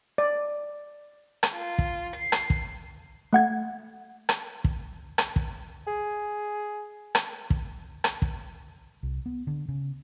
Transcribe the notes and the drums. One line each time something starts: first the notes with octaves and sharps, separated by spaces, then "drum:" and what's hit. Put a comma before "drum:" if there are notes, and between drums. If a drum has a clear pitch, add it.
D5
drum: rim click
F4
drum: kick
C7
drum: rim click
drum: kick
A3 F#5 G#6
drum: rim click
drum: kick
drum: rim click
drum: kick
G#4
drum: rim click
drum: kick
drum: rim click
drum: kick
C2
B3
D3
C#3